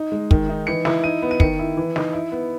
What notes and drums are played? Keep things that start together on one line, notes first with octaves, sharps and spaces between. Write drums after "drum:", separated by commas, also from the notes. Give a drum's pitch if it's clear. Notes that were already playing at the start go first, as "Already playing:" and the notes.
Already playing: D#4
G#3
D#3, drum: kick
D#4
E3 C#7
E4, drum: snare
D#4 D#7
B3
D#7
D#3 C#7, drum: kick
E4
E3
D#4, drum: snare
E4
B3